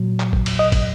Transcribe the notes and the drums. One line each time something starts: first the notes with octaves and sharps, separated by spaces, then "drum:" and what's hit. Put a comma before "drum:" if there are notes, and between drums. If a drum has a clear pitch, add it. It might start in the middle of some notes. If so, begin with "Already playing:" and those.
Already playing: A#2 F#3
drum: clap
drum: kick
drum: cymbal
D#5
drum: kick, cymbal